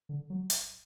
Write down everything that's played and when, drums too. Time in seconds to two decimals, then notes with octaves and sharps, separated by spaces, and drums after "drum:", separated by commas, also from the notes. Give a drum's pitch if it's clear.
0.09 D3
0.30 F#3
0.50 drum: hi-hat